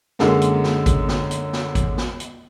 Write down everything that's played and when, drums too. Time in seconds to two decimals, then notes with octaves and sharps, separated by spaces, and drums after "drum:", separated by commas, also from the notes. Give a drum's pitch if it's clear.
0.19 F#2 D3 G#3 A#3, drum: snare
0.41 drum: hi-hat
0.64 drum: snare
0.86 drum: kick G#1, hi-hat
1.08 drum: snare
1.31 drum: hi-hat
1.53 drum: snare
1.75 drum: kick G#1, hi-hat
1.98 drum: snare
2.20 drum: hi-hat